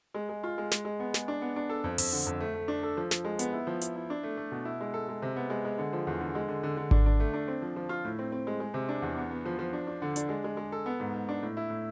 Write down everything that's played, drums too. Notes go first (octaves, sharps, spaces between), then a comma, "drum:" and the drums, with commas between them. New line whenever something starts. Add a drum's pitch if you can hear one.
G#3
G#3
F4
G#3
G#3, drum: snare
G#3
B3
G#3, drum: snare
D4
B3
D4
A4
F2
F2, drum: open hi-hat
D3
F2
A3
A3
D4
A4
F3
F3, drum: snare
G#3
B3, drum: hi-hat
E4
F3
E4, drum: hi-hat
E4
D4
A3
A3
B2
E4
G#3
A4
G#3
C3
B3
G#3
G#3
D3
F3
E2
D3
G#3
D3
D3
D3
D4, drum: kick G#1
D4
A3
D4
C4
F3
F3
F4
A2
C4
C4
G#3
G#3
C3
D4
E2
B3
B3
F3
F3
D4
D4
D3
D4, drum: hi-hat
G#3
G#3
G#3
A4
B3
G#2
G#2
D4
A2
E4
A2